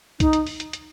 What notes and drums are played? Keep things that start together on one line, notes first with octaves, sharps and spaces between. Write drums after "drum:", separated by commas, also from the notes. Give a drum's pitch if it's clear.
D#4, drum: kick C2, hi-hat
drum: hi-hat
drum: open hi-hat
drum: hi-hat
drum: hi-hat